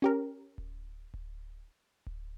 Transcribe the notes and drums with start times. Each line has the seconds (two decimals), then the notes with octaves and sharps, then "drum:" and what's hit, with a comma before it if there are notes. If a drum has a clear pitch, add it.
0.02 C#4 G4 A#4
0.58 drum: kick D1
1.14 drum: kick D1
2.06 drum: kick D1